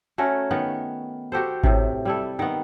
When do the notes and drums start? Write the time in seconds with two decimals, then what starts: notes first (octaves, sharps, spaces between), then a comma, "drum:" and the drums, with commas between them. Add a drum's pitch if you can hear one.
0.18 A3 C#4 F#4 A#4
0.51 D#3 B3
1.32 F#4 G4 A4 C5
1.63 A2 C3, drum: kick G#1
2.05 G3 E4 A4
2.39 D#3 B3